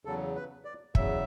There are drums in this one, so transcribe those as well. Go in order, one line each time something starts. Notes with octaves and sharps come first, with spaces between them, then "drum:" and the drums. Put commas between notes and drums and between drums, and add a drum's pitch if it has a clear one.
E2 C#3 F#3 A4
B4
D5
E2 C#3 F#3 E5, drum: kick